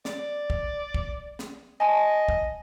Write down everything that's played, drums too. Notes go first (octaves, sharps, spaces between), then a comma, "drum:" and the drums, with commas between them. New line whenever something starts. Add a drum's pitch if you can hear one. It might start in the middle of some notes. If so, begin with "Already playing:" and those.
D5, drum: snare
drum: kick
drum: kick
drum: snare
D#5 G#5 A5
drum: kick